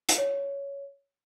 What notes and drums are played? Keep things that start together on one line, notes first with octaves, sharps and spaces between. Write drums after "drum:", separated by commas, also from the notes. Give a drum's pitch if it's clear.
drum: hi-hat
C#5